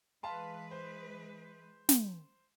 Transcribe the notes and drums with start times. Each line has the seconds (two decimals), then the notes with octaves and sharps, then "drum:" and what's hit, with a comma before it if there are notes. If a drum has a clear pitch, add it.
0.23 E3 G#3 B4 F5 A5 C6
0.71 C5
1.89 drum: snare